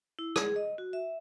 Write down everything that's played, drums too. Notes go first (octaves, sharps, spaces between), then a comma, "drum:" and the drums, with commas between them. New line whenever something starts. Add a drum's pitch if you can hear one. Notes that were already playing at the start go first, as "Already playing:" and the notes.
E4
G#4, drum: rim click
D#5
F#4
E5